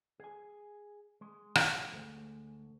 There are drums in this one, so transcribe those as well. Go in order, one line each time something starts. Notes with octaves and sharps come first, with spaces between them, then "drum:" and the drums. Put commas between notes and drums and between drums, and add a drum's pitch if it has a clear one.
G#4 G#5
G#3
drum: rim click
D2